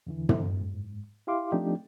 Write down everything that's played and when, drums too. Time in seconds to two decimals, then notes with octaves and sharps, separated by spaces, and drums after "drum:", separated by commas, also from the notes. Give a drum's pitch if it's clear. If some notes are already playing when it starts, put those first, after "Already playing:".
0.07 E2 D3 E3
0.29 drum: tom
0.61 G#2
1.27 E4 G4 F5 C6 D6
1.52 F3 A3 C4 D4 D#4 G4